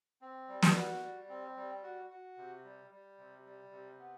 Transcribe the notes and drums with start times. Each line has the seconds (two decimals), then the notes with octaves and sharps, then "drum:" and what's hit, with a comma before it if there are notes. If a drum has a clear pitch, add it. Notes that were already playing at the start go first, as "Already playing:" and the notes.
0.21 C4
0.48 G3
0.63 drum: snare
0.75 F#4
1.02 G3
1.29 C4
1.56 G3
1.83 F#4
2.10 F#4
2.37 C3
2.64 G3
2.91 G3
3.18 C3
3.45 G3
3.71 C3
3.99 B3